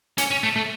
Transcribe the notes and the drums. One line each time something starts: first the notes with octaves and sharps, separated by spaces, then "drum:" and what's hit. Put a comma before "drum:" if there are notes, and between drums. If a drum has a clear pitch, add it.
C#4, drum: hi-hat
C#4
A3
A3